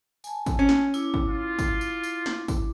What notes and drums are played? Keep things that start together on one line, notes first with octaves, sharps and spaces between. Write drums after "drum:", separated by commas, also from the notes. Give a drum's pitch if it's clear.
G#5 A5, drum: tambourine
drum: kick, tambourine
C#4
drum: snare
E4 D6, drum: tambourine
drum: kick
F4
drum: kick, tambourine
drum: tambourine
drum: tambourine
drum: snare
drum: kick, tambourine